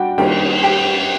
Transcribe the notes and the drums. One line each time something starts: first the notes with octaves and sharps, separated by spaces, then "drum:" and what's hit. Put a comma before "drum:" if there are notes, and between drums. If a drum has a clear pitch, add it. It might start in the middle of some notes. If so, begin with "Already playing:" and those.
Already playing: G3 D4 F#4 F#5 G5
D#3 G3 A#3 D4 G4 G5, drum: cymbal
G4 G5